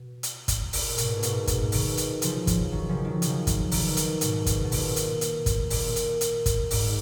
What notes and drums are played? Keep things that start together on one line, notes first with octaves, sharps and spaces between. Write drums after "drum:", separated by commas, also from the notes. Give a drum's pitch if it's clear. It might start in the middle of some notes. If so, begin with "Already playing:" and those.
Already playing: B2
drum: hi-hat
drum: kick G1, hi-hat
A#2, drum: open hi-hat
G#2 B2, drum: hi-hat
A#2
G#2 B2, drum: hi-hat
G#2 B2, drum: kick G1, hi-hat
B2 D#3, drum: open hi-hat
drum: hi-hat
C#3 F3, drum: hi-hat
drum: kick G1, hi-hat
D#3 F#3
C#3 F3
D#3 F#3
C#3 F3, drum: hi-hat
drum: kick G1, hi-hat
B2 D#3, drum: open hi-hat
drum: hi-hat
G#2 B2, drum: hi-hat
drum: kick G1, hi-hat
B2
A#2, drum: open hi-hat
drum: hi-hat
drum: hi-hat
drum: kick G1, hi-hat
A#2, drum: open hi-hat
drum: hi-hat
drum: hi-hat
drum: kick G1, hi-hat
G#2, drum: open hi-hat